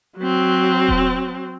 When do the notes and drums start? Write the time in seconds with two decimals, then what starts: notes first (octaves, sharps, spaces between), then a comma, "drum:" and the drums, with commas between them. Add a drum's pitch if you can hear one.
0.18 F#3 C4
0.89 drum: kick D#1